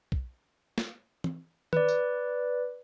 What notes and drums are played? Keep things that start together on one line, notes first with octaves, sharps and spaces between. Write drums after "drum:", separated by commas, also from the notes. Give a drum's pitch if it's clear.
drum: kick
drum: snare
drum: tom
B4 D5, drum: tom D#3
drum: tambourine